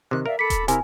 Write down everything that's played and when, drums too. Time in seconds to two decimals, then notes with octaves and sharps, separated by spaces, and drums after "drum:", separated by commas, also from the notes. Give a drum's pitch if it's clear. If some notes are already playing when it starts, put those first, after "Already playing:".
0.11 C3 D#3 F#6
0.26 A#4 D5 E5 F5
0.39 A4 B5 D6 B6 C#7
0.50 drum: kick D#1, hi-hat
0.68 C3 E4 A#4 G#5, drum: hi-hat